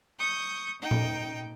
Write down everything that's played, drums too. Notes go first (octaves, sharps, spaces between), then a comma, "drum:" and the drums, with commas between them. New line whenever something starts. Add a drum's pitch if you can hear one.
C#6 D#6 G6
D#4 G5
drum: tom A#2